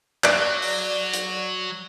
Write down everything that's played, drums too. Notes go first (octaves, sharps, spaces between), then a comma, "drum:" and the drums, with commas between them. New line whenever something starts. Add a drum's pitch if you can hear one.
F#3 D5 F#6 D7, drum: clap
drum: open hi-hat
drum: hi-hat